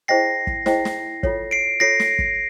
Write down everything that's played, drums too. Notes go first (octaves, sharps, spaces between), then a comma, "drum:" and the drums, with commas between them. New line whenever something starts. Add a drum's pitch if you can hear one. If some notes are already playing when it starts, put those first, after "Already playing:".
E4 G#4 C5 D#5 G5 A#6 C7
drum: kick
E4 G#4 C5 D#5 G5, drum: snare
drum: snare
F4 A4 C#5, drum: kick
C7 D7
F4 A4 C#5 A#6 C7
drum: snare
drum: kick